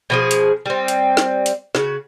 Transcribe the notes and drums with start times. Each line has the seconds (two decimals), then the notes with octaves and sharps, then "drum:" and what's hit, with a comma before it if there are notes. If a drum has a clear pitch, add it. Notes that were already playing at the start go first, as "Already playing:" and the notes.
0.10 B2 F3 G#4
0.31 drum: hi-hat
0.66 G3 C4
0.88 drum: hi-hat
1.17 drum: snare
1.46 drum: hi-hat
1.75 C#3 F#4, drum: snare